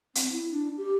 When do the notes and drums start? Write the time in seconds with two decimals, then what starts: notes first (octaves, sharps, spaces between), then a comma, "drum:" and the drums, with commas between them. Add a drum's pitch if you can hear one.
0.15 C4, drum: hi-hat
0.32 E4
0.52 D4
0.78 G4